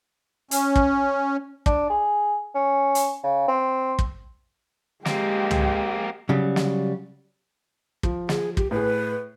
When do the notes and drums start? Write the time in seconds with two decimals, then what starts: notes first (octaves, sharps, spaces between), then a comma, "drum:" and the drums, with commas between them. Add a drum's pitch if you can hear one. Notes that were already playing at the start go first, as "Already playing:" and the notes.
0.51 C#4, drum: hi-hat
0.76 drum: kick
1.66 D4, drum: kick
1.90 G#4
2.55 C#4
2.95 drum: hi-hat
3.24 C#3
3.48 C4
3.99 drum: kick
5.05 G#3 A#3 C4 G4, drum: snare
5.51 drum: tom
6.29 C#3 F#3 G3
6.56 drum: snare
8.03 F3, drum: kick
8.29 G#4, drum: snare
8.57 G4, drum: kick
8.71 A2 G#4 B4